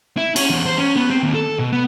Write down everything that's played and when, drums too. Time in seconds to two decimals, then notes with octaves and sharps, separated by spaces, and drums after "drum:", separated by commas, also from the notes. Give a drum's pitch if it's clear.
0.17 E4
0.36 C#4, drum: cymbal
0.50 E2
0.66 C5
0.78 C#4
0.96 B3
1.10 C4
1.23 D#2
1.34 A4
1.59 B2
1.72 B3